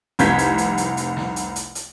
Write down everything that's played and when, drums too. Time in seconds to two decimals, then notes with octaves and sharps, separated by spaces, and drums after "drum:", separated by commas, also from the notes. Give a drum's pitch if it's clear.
0.19 F1 C2 G6 G#6 B6, drum: hi-hat
0.38 drum: hi-hat
0.58 drum: hi-hat
0.78 drum: hi-hat
0.97 drum: hi-hat
1.17 drum: snare
1.36 drum: hi-hat
1.56 drum: hi-hat
1.75 drum: hi-hat